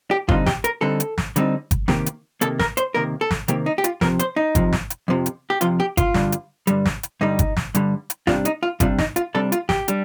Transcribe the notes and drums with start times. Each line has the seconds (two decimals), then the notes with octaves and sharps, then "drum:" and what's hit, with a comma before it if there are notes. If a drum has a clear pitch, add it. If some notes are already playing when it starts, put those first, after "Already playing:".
0.11 G4
0.29 D3 G3 C4 D#4 F4, drum: kick G1
0.46 G4, drum: snare
0.64 A#4, drum: hi-hat
0.81 D3 G3 C4 D#4 A4
1.00 drum: hi-hat
1.18 drum: snare
1.36 D3 G3 C4 D#4, drum: hi-hat
1.71 drum: kick G1, hi-hat
1.88 C3 D#3 A#3 G4, drum: snare
2.06 drum: hi-hat
2.41 C3 D#3 A#3 A4, drum: hi-hat
2.59 A#4, drum: snare
2.77 C5, drum: hi-hat
2.95 C3 D#3 A#3 A#4
3.21 A4
3.31 drum: snare
3.48 C3 D#3 A#3 G4, drum: hi-hat
3.66 D#4
3.78 G4
3.84 F4, drum: hi-hat
4.01 F2 C3 F3 A#4, drum: snare
4.19 C5, drum: hi-hat
4.36 D#4
4.55 F2 C3 F3, drum: kick G1, hi-hat
4.73 drum: snare
4.90 drum: hi-hat
5.08 F2 C3 F3
5.26 drum: hi-hat
5.50 G4
5.61 F2 C3 F3 F4, drum: hi-hat
5.80 G4
5.97 F4, drum: kick G1, hi-hat
6.14 G2 D3 G3, drum: snare
6.32 drum: hi-hat
6.67 G2 D3 G3, drum: hi-hat
6.86 drum: snare
7.03 drum: hi-hat
7.21 G2 D3 G3 D#4
7.39 drum: kick G1, hi-hat
7.57 drum: snare
7.75 G2 D3 G3, drum: hi-hat
8.10 drum: hi-hat
8.27 C3 G3 D4 F4, drum: snare
8.45 D#4, drum: hi-hat
8.63 F4
8.80 C3 G3 D4 F4, drum: kick G1, hi-hat
8.99 D#4, drum: snare
9.16 F4, drum: hi-hat
9.35 C3 G3 D4 A4
9.52 F4, drum: hi-hat
9.69 G4, drum: snare
9.88 G3 D4, drum: hi-hat